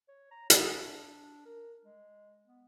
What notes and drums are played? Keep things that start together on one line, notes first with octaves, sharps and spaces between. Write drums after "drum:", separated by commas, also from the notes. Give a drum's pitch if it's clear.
C#5
A#5
D#6, drum: hi-hat
D4
A#4
G#3
B3